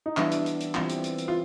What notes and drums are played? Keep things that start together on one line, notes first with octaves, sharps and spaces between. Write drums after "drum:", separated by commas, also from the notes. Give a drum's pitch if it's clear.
D#4
E3 G3 B3 D4 E4, drum: clap
drum: hi-hat
drum: hi-hat
drum: hi-hat
E3 G3 C4 F4, drum: clap
drum: hi-hat
drum: hi-hat
drum: hi-hat
F4